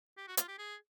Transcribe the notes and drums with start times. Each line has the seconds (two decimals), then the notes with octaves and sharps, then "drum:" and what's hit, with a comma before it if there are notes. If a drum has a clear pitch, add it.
0.17 G4
0.28 F#4
0.37 F4, drum: hi-hat
0.48 G4
0.58 G#4